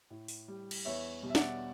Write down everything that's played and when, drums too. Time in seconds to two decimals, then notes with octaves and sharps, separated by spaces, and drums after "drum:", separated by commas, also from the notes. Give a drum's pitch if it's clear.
0.10 A2
0.28 drum: open hi-hat
0.48 G3
0.71 drum: cymbal
0.85 E2 C#5 E5
1.22 B2 G3
1.30 E5
1.35 D5 F#5, drum: snare